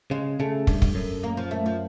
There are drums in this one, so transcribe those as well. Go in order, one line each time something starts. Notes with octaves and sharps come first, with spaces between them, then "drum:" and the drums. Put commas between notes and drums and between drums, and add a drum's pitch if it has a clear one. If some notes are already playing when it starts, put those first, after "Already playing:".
C#3 G#3
C#3 A3
G2, drum: kick
drum: kick
F#2
A#3
F3
A3
F3